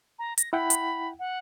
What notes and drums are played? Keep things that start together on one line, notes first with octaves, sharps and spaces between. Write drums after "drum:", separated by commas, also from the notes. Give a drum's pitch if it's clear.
A#5
A#6, drum: hi-hat
E4 F#5 G5 B5
drum: hi-hat
F#5